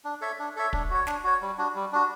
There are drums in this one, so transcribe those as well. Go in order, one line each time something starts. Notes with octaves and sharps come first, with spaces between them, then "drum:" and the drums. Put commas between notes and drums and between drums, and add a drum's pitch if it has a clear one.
D4
A4 C#5 E5
D4
A4 C#5 E5
D4, drum: kick
F#4 C#5
D4, drum: snare
F#4 C#5
G3
D4 F#4
G3
D4 F#4